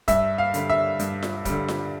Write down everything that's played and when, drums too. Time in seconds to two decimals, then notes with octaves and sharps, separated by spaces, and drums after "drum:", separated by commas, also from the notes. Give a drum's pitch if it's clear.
0.08 G2 E5, drum: kick, hi-hat
0.38 F5
0.54 D3 G3, drum: hi-hat
0.70 E5
0.99 G2, drum: hi-hat
1.23 drum: snare F4
1.45 D3 G3, drum: kick, hi-hat
1.68 drum: snare F4